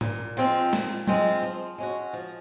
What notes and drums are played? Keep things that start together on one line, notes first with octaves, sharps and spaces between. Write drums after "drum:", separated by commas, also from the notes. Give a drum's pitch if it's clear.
A#2, drum: tom G#2
F3 G#3 C4 F4
A#2, drum: snare
F3 G#3 C4 F4, drum: tom F#3
F3
G#3 C#4 F#4
F3